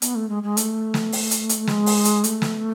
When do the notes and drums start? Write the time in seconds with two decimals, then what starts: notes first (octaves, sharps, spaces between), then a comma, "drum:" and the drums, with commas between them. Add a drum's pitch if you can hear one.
0.02 B3, drum: hi-hat
0.15 A3
0.29 G#3
0.43 G#3
0.57 A3, drum: hi-hat
0.94 drum: snare
1.12 drum: open hi-hat
1.31 drum: hi-hat
1.49 drum: hi-hat
1.67 G#3, drum: snare
1.86 drum: open hi-hat
2.05 drum: hi-hat
2.24 A3, drum: hi-hat
2.42 drum: snare